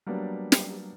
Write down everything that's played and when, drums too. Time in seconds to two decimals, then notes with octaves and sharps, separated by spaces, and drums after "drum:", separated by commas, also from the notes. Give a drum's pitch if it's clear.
0.07 F#3 G3 A#3 B3 D4
0.52 drum: snare